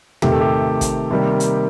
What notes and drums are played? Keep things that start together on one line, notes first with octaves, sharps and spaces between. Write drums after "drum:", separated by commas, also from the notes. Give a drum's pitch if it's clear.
C3 D#3 A3 G4, drum: tom
A4
G4
drum: kick, hi-hat
C3 D#3 G3 A#3
drum: hi-hat